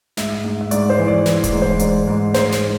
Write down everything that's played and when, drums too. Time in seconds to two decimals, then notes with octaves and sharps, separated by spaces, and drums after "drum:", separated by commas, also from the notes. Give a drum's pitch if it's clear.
0.17 G#2 E5, drum: snare
0.44 G#2
0.61 E5
0.71 G#2 D5, drum: hi-hat
0.90 C5
0.99 E3
1.08 D5
1.26 E3, drum: snare
1.44 D5, drum: kick E1, hi-hat
1.53 G#2
1.62 C5
1.79 G#2, drum: hi-hat
2.07 G#2
2.34 G#2 C5, drum: snare
2.52 drum: snare